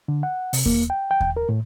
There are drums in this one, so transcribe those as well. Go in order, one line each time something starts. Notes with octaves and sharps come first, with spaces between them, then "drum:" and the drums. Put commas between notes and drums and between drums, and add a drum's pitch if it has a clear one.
D3
F#5
C3, drum: open hi-hat
A#3, drum: kick D#2
G5
G5
drum: kick D#2
A#4
A2